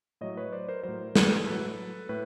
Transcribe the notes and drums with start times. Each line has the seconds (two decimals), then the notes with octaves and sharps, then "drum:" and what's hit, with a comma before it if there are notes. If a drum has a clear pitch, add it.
0.21 A2 F#3 C#5 D#5
0.37 B4 C#5
0.53 C5 D5
0.69 A#4 C5
0.83 A2 F#3 A#4 C5
1.16 A4 B4, drum: snare
1.46 A2 F#3 A4 B4
2.09 A2 B4